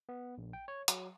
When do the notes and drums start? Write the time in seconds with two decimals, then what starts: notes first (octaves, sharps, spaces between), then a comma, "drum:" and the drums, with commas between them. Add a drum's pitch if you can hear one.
0.09 B3
0.38 A#1
0.53 G5
0.68 C#5
0.88 F#3, drum: hi-hat